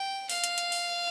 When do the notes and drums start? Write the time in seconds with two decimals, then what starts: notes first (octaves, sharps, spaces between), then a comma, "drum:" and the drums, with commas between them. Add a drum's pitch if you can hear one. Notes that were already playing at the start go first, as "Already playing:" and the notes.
Already playing: G5
0.29 F5, drum: open hi-hat
0.44 drum: hi-hat
0.58 drum: hi-hat
0.72 drum: open hi-hat